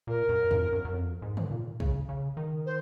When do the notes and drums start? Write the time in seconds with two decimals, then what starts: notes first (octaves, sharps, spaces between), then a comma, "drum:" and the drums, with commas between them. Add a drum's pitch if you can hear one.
0.07 A#2 A#4
0.29 F#2
0.51 F2, drum: tom F#2
0.73 F#2
0.85 F#2
0.93 F2
1.22 G#2
1.37 drum: tom C#3
1.51 A#2
1.80 C#3, drum: kick
2.09 C#3
2.37 D#3
2.65 C5